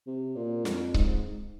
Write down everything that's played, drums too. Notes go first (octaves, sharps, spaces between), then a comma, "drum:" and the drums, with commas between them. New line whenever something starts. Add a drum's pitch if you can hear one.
C3
A#2
F2, drum: snare
G#2, drum: kick C#1